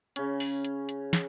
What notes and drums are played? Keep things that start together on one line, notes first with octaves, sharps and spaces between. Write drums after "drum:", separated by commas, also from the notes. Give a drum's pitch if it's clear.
C#3 C#4, drum: hi-hat
drum: open hi-hat
drum: hi-hat
drum: hi-hat
drum: snare